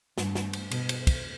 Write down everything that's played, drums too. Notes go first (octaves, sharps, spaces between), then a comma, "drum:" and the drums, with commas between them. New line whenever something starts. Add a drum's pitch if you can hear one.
G2, drum: snare
drum: snare
drum: cymbal
B2, drum: cymbal
drum: cymbal
drum: kick, cymbal